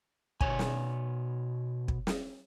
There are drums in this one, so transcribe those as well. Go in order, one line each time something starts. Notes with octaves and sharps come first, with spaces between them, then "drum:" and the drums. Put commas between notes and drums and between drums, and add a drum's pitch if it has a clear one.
B2 C#5 G#5, drum: kick
drum: snare
drum: kick
drum: snare